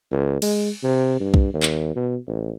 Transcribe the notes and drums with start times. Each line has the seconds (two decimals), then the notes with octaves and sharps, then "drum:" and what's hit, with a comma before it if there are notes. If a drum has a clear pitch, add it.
0.12 C#2
0.42 G#3, drum: cymbal
0.83 C3
1.20 G2
1.34 drum: kick B1
1.54 D#2
1.63 drum: clap
1.96 B2
2.27 A1